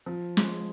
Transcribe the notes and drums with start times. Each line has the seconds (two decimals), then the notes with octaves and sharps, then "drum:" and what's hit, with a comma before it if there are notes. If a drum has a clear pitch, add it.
0.06 F3
0.37 G#3, drum: snare